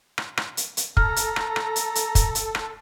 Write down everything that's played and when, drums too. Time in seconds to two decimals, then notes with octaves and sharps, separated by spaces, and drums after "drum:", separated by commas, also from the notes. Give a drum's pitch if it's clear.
0.18 drum: rim click
0.37 drum: rim click
0.57 drum: hi-hat
0.77 drum: hi-hat
0.97 A4 A#5 F6, drum: kick
1.16 drum: hi-hat
1.36 drum: rim click
1.56 drum: rim click
1.76 drum: hi-hat
1.95 drum: hi-hat
2.15 drum: kick, hi-hat
2.35 drum: hi-hat
2.55 drum: rim click